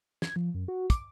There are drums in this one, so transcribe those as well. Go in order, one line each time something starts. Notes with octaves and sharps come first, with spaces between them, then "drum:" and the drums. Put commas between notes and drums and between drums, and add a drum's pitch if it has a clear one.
G#6, drum: snare
F3
F#2
F#4
D6, drum: kick, hi-hat